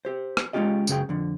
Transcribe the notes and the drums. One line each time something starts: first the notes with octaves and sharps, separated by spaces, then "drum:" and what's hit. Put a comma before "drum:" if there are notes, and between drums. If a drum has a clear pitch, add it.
G4 C5
drum: rim click
G#3 A#3 C#4 F4 G4 D#5
C#2 F#2 C#3 G#4 G5, drum: tambourine
F2 D3